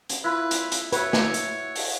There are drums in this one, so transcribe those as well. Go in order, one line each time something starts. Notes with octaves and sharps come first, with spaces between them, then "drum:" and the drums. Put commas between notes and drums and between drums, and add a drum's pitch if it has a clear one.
drum: hi-hat
E4 F4 B4
drum: hi-hat
drum: hi-hat
F#4 B4 C#5 E5, drum: hi-hat
drum: snare
drum: hi-hat
drum: open hi-hat